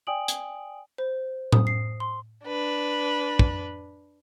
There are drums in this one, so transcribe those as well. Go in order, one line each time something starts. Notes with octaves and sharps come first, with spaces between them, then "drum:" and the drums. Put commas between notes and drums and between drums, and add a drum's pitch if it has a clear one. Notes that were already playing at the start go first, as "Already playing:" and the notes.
D5 G5 G#5 D#6 D7 F#7
drum: hi-hat
C5
D#6, drum: tom A2
C7
C6
D4 B4
drum: kick